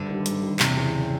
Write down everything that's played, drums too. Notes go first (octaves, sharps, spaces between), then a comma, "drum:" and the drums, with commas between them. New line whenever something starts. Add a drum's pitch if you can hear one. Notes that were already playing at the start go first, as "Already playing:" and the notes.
Already playing: D2 G2 D3
D#3 G3
G2, drum: hi-hat
D#3 G3
E2 C3, drum: clap
C#3 E3
E2